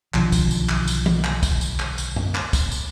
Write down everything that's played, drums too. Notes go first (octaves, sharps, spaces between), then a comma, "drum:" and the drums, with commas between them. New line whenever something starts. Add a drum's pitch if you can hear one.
B1 D3 D#3 F3, drum: clap
drum: kick, tambourine
drum: tambourine
drum: clap
drum: tambourine
drum: tom E3
drum: clap
drum: kick, tambourine
drum: tambourine
drum: clap
drum: tambourine
drum: tom F#2
drum: clap
drum: kick, tambourine
drum: tambourine